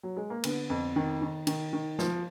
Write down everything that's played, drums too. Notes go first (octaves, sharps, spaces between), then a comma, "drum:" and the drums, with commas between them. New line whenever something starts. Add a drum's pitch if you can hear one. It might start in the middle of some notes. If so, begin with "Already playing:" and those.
F#3
G#3
A#3
D3 B3, drum: cymbal
F2
D#3
D#3
D#3, drum: cymbal
D#3
F3, drum: snare